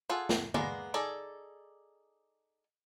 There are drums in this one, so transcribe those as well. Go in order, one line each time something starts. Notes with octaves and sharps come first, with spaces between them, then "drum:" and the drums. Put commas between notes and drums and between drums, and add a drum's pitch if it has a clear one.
F4 G#4 A4 F#5
drum: snare
G#3 A#3 B3 D5, drum: tom
D#4 G#4 A4 D5